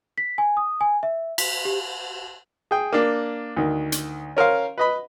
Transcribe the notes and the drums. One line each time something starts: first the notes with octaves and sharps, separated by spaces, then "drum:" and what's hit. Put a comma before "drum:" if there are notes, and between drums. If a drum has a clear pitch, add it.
B6
G#5
D#6
G#5
E5
B6, drum: cymbal
G4
G#4 G5
A#3 D4
D2 D#3
drum: hi-hat
C#4 A#4 C5 F5
B4 D#5 B5